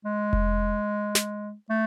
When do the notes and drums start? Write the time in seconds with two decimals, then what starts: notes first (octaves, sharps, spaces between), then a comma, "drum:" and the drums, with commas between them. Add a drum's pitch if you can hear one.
0.05 G#3
0.33 drum: kick F1
1.15 drum: snare
1.70 A3